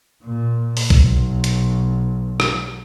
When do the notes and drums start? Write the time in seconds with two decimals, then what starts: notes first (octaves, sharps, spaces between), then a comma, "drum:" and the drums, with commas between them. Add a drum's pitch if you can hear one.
0.24 A#2
0.77 drum: open hi-hat
0.90 B1, drum: kick B1
1.44 drum: hi-hat
2.40 drum: rim click